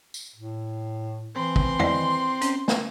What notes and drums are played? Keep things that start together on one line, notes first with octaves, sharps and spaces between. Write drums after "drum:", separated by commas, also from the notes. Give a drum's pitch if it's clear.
drum: tambourine
A2
E3 C4 C6
drum: kick
E4 D5 D#5, drum: tom
C#4, drum: hi-hat
drum: snare